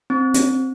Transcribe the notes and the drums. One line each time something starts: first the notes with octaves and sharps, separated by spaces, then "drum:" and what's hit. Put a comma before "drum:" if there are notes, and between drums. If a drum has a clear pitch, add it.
C4
drum: hi-hat